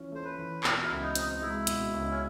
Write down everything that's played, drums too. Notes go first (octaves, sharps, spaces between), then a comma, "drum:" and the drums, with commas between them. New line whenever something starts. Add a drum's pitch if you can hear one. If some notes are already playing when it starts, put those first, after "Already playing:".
Already playing: E3 C#4 F4
A3 C5
B4
E3
B2 A#4, drum: clap
E4
C#2
D#4
C4, drum: hi-hat
D#4
G#3 E4
B2, drum: hi-hat
C#2
C#4